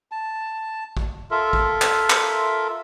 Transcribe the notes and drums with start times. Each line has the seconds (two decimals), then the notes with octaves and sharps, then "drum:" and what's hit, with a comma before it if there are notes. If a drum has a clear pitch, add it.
0.12 A5
0.97 drum: kick
1.31 F4 A4 A#4 E5
1.53 drum: kick
1.82 drum: clap
2.10 drum: clap